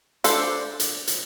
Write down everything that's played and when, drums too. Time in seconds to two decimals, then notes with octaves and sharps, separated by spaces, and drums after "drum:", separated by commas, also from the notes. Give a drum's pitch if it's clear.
0.24 D4 A4 C5, drum: hi-hat
0.80 drum: hi-hat
1.07 drum: hi-hat